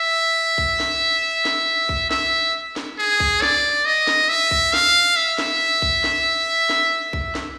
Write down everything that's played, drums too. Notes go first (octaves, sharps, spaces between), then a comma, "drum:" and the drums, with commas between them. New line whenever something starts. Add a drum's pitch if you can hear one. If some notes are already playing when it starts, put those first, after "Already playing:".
Already playing: E5
drum: kick
drum: snare
drum: snare
drum: kick
E5, drum: snare
drum: snare
G#4
drum: kick
D5, drum: snare
D#5
drum: snare
E5
drum: kick
F5, drum: snare
E5
drum: snare
drum: kick
drum: snare
drum: snare
drum: kick
drum: snare